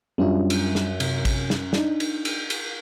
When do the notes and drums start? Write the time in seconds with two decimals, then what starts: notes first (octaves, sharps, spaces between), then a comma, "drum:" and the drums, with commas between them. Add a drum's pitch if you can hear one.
0.18 F#2 G3 D4 F4
0.50 drum: cymbal
0.75 drum: snare
1.00 C3, drum: cymbal
1.25 drum: kick A1, cymbal
1.50 drum: snare
1.73 D4 D#4, drum: snare
2.00 drum: cymbal
2.25 drum: cymbal
2.50 drum: cymbal